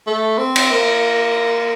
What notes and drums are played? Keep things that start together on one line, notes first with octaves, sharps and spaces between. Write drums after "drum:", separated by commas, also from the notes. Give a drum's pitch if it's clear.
A3
C4
drum: cymbal
A#3